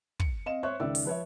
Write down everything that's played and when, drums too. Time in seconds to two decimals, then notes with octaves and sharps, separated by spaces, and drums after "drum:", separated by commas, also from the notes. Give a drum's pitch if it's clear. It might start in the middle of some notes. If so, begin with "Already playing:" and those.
0.20 C#7, drum: kick
0.46 C4 D#5 F5 E7
0.63 C5 C#5 E5 C#6 F#6
0.80 C#2 D#3 D5 E5 E6
0.95 drum: open hi-hat
1.05 F3 B4 C#5 E5